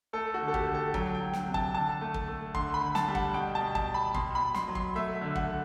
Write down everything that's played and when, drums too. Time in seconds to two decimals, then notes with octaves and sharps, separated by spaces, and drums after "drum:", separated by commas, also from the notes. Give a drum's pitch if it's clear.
0.13 A3 A4
0.34 F#4
0.41 D3
0.48 A4
0.54 G4, drum: kick
0.67 D3
0.74 A4
0.94 F#3 G5, drum: kick
1.14 G5
1.20 F#3
1.33 G5, drum: snare
1.47 C3
1.54 A5, drum: kick
1.74 D3 A5
2.01 A3
2.14 drum: kick
2.28 A3
2.54 D3 C6, drum: kick
2.74 B5
2.81 D3
2.95 A5, drum: snare
3.08 G3
3.15 F#5, drum: kick
3.34 B2 G5
3.55 A5
3.61 B2
3.75 A5, drum: kick
3.88 B2
3.94 B5
4.14 B2 C6, drum: kick
4.35 B5
4.42 B2
4.55 C6, drum: snare
4.68 F#3
4.75 C6, drum: kick
4.95 A3 E5
5.15 E5
5.21 D3
5.35 F#5, drum: kick
5.48 D3